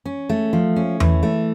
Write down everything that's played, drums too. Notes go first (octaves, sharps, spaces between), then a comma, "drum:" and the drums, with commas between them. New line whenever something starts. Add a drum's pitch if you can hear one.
C#4
A3
F3
C#4
E3, drum: tom E2
A3